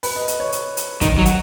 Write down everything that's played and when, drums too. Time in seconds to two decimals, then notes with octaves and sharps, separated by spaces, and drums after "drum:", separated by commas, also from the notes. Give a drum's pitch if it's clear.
0.03 B4, drum: open hi-hat
0.16 D#5
0.28 D#5, drum: hi-hat
0.40 C#5
0.52 drum: hi-hat
0.77 drum: hi-hat
1.01 D#3 D#5, drum: kick, hi-hat
1.18 F#3
1.25 F#5, drum: hi-hat